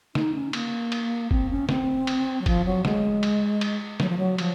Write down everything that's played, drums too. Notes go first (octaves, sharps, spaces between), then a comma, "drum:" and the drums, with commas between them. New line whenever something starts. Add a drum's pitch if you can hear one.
D#4, drum: snare
C#4
A#3, drum: cymbal
drum: cymbal
C4, drum: kick
C#4
C4, drum: snare
drum: cymbal
F#3
F3, drum: kick, cymbal
F#3
G#3, drum: snare
drum: cymbal
drum: cymbal
F#3, drum: snare
F3
F#3
F3, drum: cymbal